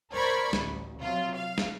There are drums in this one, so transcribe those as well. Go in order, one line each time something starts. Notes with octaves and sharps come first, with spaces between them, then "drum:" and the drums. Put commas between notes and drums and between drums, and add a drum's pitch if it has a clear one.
A#4 C5 D5 B5 C#6 G#6
A1 D2, drum: snare
C3 F#3 F4
F5
drum: snare